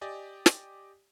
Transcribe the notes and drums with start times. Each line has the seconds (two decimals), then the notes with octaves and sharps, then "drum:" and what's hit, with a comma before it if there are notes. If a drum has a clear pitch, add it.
0.01 G4 D5 D#5 G#5
0.46 drum: snare